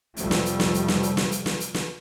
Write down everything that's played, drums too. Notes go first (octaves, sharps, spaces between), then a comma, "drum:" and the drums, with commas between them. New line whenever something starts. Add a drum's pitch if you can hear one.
F1 B1 F2 F3 G3 A3, drum: hi-hat
drum: snare
drum: hi-hat
drum: snare
drum: hi-hat
drum: snare
drum: hi-hat
drum: snare
drum: hi-hat
drum: snare
drum: hi-hat
drum: snare